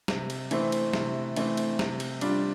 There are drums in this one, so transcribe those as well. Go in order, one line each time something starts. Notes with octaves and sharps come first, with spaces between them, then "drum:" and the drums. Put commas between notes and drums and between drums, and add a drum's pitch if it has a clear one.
C3, drum: snare
drum: cymbal
E3 A3 C4, drum: cymbal
drum: cymbal
C3, drum: snare
E3 A3 C4, drum: cymbal
drum: cymbal
C3, drum: snare
drum: cymbal
G3 D4 F4, drum: cymbal